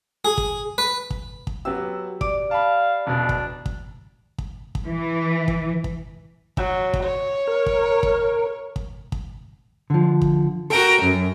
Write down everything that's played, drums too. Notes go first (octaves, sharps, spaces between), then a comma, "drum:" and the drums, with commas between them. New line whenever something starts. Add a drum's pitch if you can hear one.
G#4
drum: kick
B4
drum: kick
drum: kick
F#3 B3 G4 E6
D5 D6, drum: kick
F5 A5 B5
E1 B2 D4
drum: kick
drum: kick
drum: kick
drum: kick
E3
drum: kick
drum: kick
F#3, drum: kick
drum: kick
C#5
A#4
drum: kick
drum: kick
drum: kick
drum: kick
D3 F3
drum: kick
F#4 A4 A#4 G5
F#2